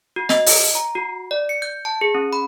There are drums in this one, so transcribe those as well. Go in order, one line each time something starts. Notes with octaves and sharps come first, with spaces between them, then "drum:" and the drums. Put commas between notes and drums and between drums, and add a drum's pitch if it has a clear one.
F#4
D#5, drum: snare
drum: open hi-hat
A#5
F#4
D5
C#7
G6
A5
G#4
C#4
B5